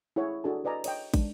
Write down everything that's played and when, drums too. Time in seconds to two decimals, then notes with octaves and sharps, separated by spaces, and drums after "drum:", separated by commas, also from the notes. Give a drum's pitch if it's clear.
0.16 E4 G#4 C#5 F#5
0.44 D4 F#4 G#4 A4 G#5 A5
0.64 B4 D5 D#5 G#5 A#5
0.84 C#5 D#5 G5, drum: cymbal
1.14 G#3 D4, drum: kick, cymbal